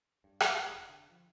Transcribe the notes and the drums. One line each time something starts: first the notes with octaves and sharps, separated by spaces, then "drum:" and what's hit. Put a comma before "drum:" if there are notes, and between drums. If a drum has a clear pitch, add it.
G2
drum: rim click
E2
F1
D3
F3